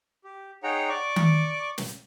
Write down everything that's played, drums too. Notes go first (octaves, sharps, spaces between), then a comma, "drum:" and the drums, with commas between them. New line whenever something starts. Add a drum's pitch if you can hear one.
G4
D#4 G#4 C#5 F#5 G5 A#5
D5 C#6 D6
drum: tom D#3
drum: snare